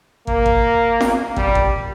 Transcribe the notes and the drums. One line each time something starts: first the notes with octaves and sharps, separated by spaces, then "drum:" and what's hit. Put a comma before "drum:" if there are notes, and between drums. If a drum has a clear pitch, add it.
A#3, drum: kick
drum: kick
drum: snare F4
G3, drum: kick
drum: kick